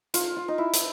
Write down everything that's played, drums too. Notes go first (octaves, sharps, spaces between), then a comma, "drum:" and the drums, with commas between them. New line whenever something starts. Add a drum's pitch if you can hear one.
F4, drum: hi-hat
F4
D#4
E4
drum: hi-hat